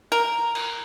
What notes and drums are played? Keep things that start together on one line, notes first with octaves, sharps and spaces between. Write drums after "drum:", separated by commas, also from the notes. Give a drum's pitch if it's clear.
A#4
drum: cymbal